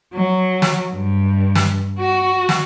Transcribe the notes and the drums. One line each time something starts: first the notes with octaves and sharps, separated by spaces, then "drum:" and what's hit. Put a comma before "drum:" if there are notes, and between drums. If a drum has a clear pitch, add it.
F#3
drum: snare
G2
drum: snare
F#4
drum: snare